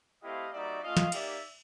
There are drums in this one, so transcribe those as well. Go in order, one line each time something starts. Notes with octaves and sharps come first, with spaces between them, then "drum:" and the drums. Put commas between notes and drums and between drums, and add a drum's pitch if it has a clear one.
A3 C4 E4 G4 D#5 F5
G3 A#3 D#4 F#4 D5 E5
A3 C#4 F4 D#5 F5
drum: snare
A#3 D#4 G4 D5 E5, drum: cymbal